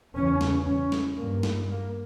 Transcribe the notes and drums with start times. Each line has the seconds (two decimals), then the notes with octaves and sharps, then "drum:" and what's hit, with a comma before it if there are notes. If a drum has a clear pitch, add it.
0.15 E2 C#3 C#4
0.41 drum: snare
0.66 C#4
0.92 drum: snare
1.17 G2 A#3
1.43 drum: snare
1.70 A#3